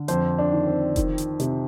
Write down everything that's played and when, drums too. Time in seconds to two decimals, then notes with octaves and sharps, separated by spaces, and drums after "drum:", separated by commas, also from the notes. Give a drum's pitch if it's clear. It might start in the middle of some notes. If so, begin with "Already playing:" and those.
Already playing: D3
0.08 F2 C5, drum: hi-hat
0.38 D4
0.52 D#3
0.67 C4
0.96 D#3, drum: kick F1, hi-hat
1.18 drum: hi-hat
1.40 C3, drum: hi-hat